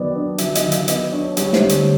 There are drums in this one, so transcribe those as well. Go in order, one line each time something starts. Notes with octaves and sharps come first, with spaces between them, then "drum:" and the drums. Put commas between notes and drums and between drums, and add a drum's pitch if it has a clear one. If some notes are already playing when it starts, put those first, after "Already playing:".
Already playing: D#3 F#3 B3 D5 D#5
D4
F#3 E5, drum: hi-hat
D#5, drum: hi-hat
D#3
F5, drum: hi-hat
B3 D#5, drum: hi-hat
D4 C#5
G3 C#5, drum: hi-hat
C5, drum: snare
D3
C#5, drum: hi-hat